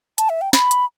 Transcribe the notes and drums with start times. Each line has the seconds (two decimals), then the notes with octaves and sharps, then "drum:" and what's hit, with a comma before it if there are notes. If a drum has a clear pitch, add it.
0.18 A5, drum: hi-hat
0.29 E5
0.41 G5
0.53 B5, drum: snare
0.71 drum: hi-hat